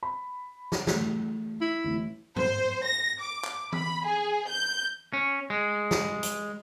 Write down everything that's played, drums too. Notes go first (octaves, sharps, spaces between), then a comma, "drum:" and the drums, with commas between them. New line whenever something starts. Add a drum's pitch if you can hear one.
B5
drum: snare
E2 A3, drum: snare
E4
A1 E3
C5, drum: tom
A#6
D6
drum: clap
B5, drum: tom E3
G#4
G6
C#4
G#3
drum: snare
drum: hi-hat